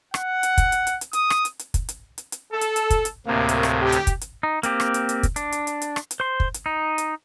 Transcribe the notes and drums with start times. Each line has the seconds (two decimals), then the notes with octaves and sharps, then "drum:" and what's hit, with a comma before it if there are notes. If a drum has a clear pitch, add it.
0.14 F#5, drum: rim click
0.43 drum: hi-hat
0.58 drum: kick, hi-hat
0.72 drum: hi-hat
0.87 drum: hi-hat
1.01 drum: hi-hat
1.13 D#6, drum: hi-hat
1.30 drum: rim click
1.45 drum: hi-hat
1.59 drum: hi-hat
1.74 drum: kick, hi-hat
1.89 drum: hi-hat
2.18 drum: hi-hat
2.32 drum: hi-hat
2.52 A4
2.61 drum: hi-hat
2.76 drum: hi-hat
2.90 drum: kick, hi-hat
3.05 drum: hi-hat
3.26 D2 A2 C3 A#3
3.49 drum: hi-hat
3.63 drum: rim click
3.82 G4
3.92 drum: hi-hat
4.07 drum: kick, hi-hat
4.21 drum: hi-hat
4.43 D#4
4.63 A#3 C4 G4, drum: hi-hat
4.80 drum: rim click
4.94 drum: hi-hat
5.09 drum: hi-hat
5.23 drum: kick, hi-hat
5.36 D4, drum: hi-hat
5.52 drum: hi-hat
5.67 drum: hi-hat
5.82 drum: hi-hat
5.96 drum: rim click
6.11 drum: hi-hat
6.20 C5 C6
6.40 drum: kick
6.54 drum: hi-hat
6.66 D#4
6.98 drum: hi-hat